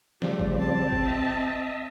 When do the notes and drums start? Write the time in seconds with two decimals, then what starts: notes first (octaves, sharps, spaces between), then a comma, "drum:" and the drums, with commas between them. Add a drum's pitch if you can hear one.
0.22 C#3 F3 G3 A3, drum: snare
0.40 drum: kick G1
0.58 C4 A5
0.92 drum: kick G1
1.06 D#5 E5